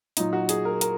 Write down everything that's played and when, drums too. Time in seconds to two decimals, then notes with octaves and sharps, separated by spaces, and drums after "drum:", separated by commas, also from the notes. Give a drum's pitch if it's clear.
0.17 A#2 F#3 D#4, drum: hi-hat
0.33 F#4
0.49 G#4, drum: hi-hat
0.65 A#4
0.81 A#4, drum: hi-hat